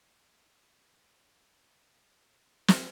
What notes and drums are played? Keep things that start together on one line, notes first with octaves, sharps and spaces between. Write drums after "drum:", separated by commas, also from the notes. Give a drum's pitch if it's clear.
B1 D4
drum: snare